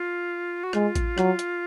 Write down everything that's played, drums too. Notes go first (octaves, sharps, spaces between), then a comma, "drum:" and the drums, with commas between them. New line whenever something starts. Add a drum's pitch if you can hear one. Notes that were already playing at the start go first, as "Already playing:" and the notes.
Already playing: F4
F#4
G#3 F4, drum: rim click
drum: kick A1, hi-hat
F#3, drum: rim click
drum: hi-hat